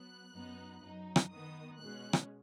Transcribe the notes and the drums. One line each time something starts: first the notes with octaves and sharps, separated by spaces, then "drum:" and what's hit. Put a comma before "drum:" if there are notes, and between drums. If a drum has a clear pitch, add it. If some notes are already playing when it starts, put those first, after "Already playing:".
Already playing: F#3 B3 F#6
F#2 F#3 B3 D#4
F#2 F#3 D#4
drum: rim click
D#3 B3 D#4 D#6
B2 G#3 C#4 F#6
drum: rim click